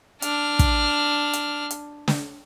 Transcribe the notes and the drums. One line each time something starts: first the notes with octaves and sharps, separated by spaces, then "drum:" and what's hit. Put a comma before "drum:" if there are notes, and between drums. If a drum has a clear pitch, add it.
D4 F6, drum: hi-hat
drum: kick, hi-hat
drum: hi-hat
drum: hi-hat
drum: snare